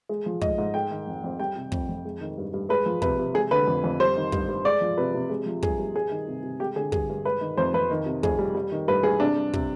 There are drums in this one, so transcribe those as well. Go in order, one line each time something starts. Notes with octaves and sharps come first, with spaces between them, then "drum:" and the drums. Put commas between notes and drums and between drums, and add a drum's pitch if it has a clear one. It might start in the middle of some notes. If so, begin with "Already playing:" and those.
G#3
F3
G#2 D#5, drum: kick
G#2
G#3 G5
D#3
F2
F2
G3 G5
C3
F2, drum: kick
F2
G#3
D#3
G2
G2
G#3 B4
F3
C3 B4, drum: kick
C3
G#3 G#4
D3 B4
F2
F2
G3 C5
D#3
G2, drum: kick
G2
G#3 D5
F3
C3 B4
C3
G#3
F3
G2 G#4, drum: kick
G2
G3 G#4
D#3
C3
C3
G#3 G4
D3 G#4
G2 G#4, drum: kick
G2
G#3 B4
D#3
F2 C5
F2 B4
D#3
C3
F2 G#4, drum: kick
G3
G3
D#3
G2 B4
G2 G#4
C3 D4
G3
C3, drum: kick